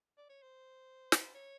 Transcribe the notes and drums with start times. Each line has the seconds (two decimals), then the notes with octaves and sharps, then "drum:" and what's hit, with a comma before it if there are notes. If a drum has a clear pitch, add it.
0.18 D5
0.29 C#5
0.43 C5
1.12 drum: snare
1.34 C#5